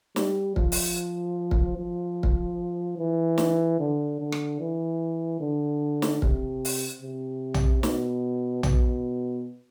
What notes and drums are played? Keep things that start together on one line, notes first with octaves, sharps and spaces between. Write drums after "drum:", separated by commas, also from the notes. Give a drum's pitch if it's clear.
G3, drum: snare
F3, drum: kick
drum: open hi-hat
drum: kick
F3
drum: kick
E3
drum: snare
D3
D3
drum: rim click
E3
D3
drum: snare
C3, drum: kick
drum: open hi-hat
C3
drum: tom
B2, drum: snare
B2, drum: tom